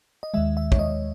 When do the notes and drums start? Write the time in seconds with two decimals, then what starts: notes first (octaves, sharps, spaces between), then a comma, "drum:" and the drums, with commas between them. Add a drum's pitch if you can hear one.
0.23 D#5
0.34 D#2 D#3 G#3 E5
0.57 E5
0.72 C#5, drum: kick
0.79 D#5